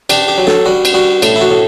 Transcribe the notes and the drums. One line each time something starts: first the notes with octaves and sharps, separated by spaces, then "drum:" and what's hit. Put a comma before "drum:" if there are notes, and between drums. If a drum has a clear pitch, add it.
D4 G4, drum: cymbal
G4
F#3
A4, drum: snare
G3 F#4
drum: cymbal
G3 F#4
A2, drum: cymbal
E4
F#4
A2